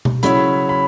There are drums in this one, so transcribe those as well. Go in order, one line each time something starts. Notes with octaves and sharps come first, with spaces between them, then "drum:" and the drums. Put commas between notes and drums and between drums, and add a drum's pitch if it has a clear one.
drum: tom B2
C#3 F#3 C#4 E4 B5, drum: hi-hat
B5